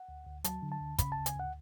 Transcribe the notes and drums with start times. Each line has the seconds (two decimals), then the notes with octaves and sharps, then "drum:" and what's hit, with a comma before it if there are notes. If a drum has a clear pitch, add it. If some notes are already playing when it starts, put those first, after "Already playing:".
Already playing: F#5
0.09 D2
0.27 D2
0.44 F#3 A5, drum: hi-hat
0.62 D3
0.72 A5
0.80 D2
0.99 C#3 B5, drum: kick, hi-hat
1.12 D2 A5
1.26 G#5, drum: hi-hat
1.35 D2 F#5